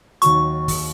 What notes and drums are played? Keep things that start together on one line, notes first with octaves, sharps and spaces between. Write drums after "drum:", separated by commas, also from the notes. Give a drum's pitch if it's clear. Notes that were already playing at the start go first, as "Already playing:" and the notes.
D#2 D#3 F#3 C#6, drum: hi-hat
drum: kick, open hi-hat